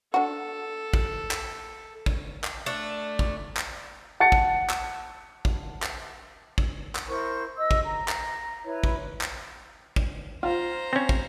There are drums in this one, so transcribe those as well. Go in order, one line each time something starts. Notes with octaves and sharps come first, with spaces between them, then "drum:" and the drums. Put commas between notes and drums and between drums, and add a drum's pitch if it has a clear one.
D4 F#4 A4
drum: kick
drum: clap
drum: kick
drum: clap
A3 D4
drum: kick
drum: clap
F#5 A5 A6 C#7
drum: kick
drum: clap
drum: kick
drum: clap
drum: kick
drum: clap
E4 A#4 C5 C#6
D#5 E6
drum: kick
A#5
drum: clap
E4 B4 C#5
drum: kick
drum: clap
drum: kick
F4 C5 A#5
C4 C#4
drum: kick